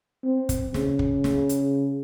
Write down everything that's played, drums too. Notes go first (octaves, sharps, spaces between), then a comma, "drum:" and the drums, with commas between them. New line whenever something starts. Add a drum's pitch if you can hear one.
C4
drum: kick, hi-hat
C#3, drum: snare
drum: kick
drum: snare
drum: hi-hat